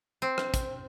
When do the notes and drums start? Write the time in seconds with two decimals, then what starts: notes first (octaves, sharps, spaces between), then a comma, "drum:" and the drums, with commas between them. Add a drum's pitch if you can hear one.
0.22 C4
0.38 drum: rim click
0.54 drum: kick, hi-hat